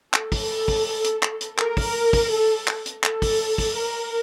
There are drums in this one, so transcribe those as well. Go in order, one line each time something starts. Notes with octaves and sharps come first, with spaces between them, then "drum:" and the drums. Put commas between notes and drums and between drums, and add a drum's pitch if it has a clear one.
A4, drum: clap
drum: kick, open hi-hat
drum: kick, open hi-hat
drum: hi-hat
drum: clap
drum: hi-hat
A#4, drum: clap
drum: kick, open hi-hat
drum: kick, open hi-hat
A4
drum: clap
drum: hi-hat
A4, drum: clap
drum: kick, open hi-hat
drum: kick, open hi-hat
A#4